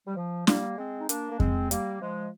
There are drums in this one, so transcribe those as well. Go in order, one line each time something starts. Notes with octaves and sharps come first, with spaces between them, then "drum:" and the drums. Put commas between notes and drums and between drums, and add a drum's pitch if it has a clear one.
G3
F3
G3 A#3, drum: snare
G#3 C4
D#4
A#3 D4, drum: hi-hat
A#3
G#3 C4, drum: kick F2
G3 A#3, drum: hi-hat
F3 G#3